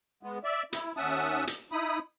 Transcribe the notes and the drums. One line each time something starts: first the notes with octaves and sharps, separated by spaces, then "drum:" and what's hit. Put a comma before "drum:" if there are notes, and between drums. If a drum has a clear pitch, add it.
G#3 B3
D5 E5
E4, drum: hi-hat
D#2 C#4 E5 F#5 A5 D#6
drum: hi-hat
D#4 E4 B5 D#6